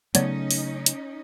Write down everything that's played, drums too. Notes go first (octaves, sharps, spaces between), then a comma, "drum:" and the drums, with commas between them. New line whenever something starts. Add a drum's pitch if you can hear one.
C#3 F#3 A3 B3 C#4 D#4 C#5 D5, drum: hi-hat
drum: open hi-hat
drum: hi-hat